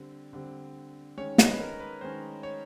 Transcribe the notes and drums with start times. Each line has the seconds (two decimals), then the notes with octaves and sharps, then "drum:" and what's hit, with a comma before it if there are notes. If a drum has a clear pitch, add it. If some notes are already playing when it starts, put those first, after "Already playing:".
Already playing: D3 G3 C4
0.33 D3 G3 C4
1.17 D#3 G#3 C#4 C#5
1.38 D#5, drum: snare
1.50 B4
1.60 A#4
1.80 B4
2.01 D#3 G#3 C#4 C5
2.43 C#5